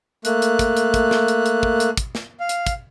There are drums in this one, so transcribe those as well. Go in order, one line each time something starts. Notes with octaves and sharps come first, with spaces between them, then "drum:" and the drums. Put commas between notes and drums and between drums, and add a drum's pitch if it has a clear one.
A3 A#3 F#6, drum: hi-hat
drum: hi-hat
drum: kick, hi-hat
drum: hi-hat
drum: kick, hi-hat
drum: snare
drum: hi-hat
drum: hi-hat
drum: kick
drum: hi-hat
drum: kick, hi-hat
drum: snare
F5
drum: hi-hat
drum: kick, hi-hat